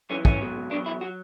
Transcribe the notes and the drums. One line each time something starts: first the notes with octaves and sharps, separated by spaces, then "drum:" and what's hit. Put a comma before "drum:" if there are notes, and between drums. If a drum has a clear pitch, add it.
F#2 E3 C#4
C#4, drum: kick
C#2 B2 F#3
E2 B2 F#3 D4
E4
F#3 F#4